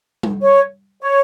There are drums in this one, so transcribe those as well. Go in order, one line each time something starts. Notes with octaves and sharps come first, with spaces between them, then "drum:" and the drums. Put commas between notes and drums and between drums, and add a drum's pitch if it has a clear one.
drum: tom G3
C#5
C#5